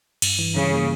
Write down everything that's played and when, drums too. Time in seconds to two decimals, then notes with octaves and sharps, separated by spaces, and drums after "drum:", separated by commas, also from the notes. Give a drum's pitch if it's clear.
0.22 G2, drum: cymbal
0.39 E3
0.56 C#3 G3
0.73 A#3